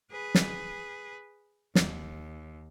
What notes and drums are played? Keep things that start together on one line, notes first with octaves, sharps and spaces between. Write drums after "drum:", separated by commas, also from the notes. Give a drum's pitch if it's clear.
G#4 B4
drum: snare
D#2, drum: snare